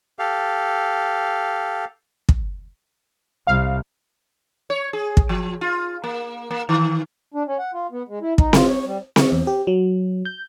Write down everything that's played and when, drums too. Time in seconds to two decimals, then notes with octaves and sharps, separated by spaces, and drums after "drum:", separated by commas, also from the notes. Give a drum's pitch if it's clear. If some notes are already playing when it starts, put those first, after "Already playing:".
0.19 G4 A4 F5
2.29 drum: kick
3.47 C2 F5
4.70 C#5
4.93 G#4
5.17 drum: kick
5.29 F3
5.61 F4
6.04 A#3
6.51 A#3
6.69 D#3
7.34 D4
7.47 C#4
7.59 F#5
7.74 F4
7.92 B3
8.09 G#3
8.22 E4
8.38 D#4, drum: kick
8.53 F4, drum: snare C4
8.68 C#5
8.86 G3
9.16 C#6, drum: snare C4
9.32 E2
9.47 G4
9.67 F#3
10.25 G6